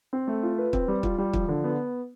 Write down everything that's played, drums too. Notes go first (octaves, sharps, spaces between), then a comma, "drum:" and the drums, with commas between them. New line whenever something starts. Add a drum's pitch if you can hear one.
C4
A3
F4
B4
C4, drum: kick
G3
F4, drum: kick
G3
F3, drum: kick
D3
B3